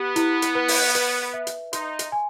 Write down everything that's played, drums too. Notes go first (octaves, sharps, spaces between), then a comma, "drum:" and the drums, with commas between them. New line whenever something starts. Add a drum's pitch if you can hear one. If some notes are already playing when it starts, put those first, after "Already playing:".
Already playing: B3 G4
E4, drum: hi-hat
drum: hi-hat
B4
drum: open hi-hat
B4, drum: hi-hat
E5
drum: hi-hat
D#4 C6, drum: hi-hat
drum: hi-hat
G#5